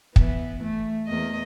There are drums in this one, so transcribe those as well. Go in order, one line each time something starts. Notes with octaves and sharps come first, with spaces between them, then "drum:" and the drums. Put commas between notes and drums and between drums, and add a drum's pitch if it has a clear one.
E3 B3, drum: kick
A3
E2 A#3 D#5